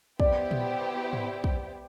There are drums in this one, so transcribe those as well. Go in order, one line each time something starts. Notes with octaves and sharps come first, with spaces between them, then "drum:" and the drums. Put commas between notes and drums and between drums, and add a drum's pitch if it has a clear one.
B3 E4 G4 C5 D5 G5, drum: kick
drum: tom A#2
drum: tom G#2
drum: kick